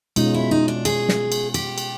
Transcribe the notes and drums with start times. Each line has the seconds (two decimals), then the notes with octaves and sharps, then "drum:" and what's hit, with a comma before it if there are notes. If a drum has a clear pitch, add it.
0.16 B2 G#3 C#4 D#4 F4, drum: cymbal
0.34 E4
0.51 D#4
0.68 D4
0.85 G#4, drum: cymbal
1.09 drum: snare
1.32 drum: cymbal
1.54 G4, drum: cymbal
1.78 drum: cymbal